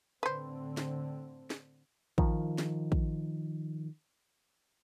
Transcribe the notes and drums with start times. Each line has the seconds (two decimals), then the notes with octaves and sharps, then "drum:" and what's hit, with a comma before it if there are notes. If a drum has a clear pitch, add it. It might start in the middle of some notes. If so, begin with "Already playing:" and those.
0.23 A2 D3 C4 B4 C5
0.77 drum: snare
1.50 drum: snare
2.18 D#3 F3, drum: kick
2.58 drum: snare
2.92 drum: kick